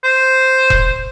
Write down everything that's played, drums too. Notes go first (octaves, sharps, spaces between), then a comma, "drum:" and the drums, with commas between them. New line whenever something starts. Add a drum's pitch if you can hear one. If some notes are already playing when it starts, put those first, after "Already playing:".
C5
drum: kick E1